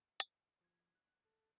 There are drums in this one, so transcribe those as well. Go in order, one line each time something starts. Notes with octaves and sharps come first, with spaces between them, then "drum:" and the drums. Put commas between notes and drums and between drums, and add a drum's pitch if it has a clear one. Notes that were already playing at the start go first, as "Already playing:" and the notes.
drum: hi-hat
F3 G#6
F#6
A4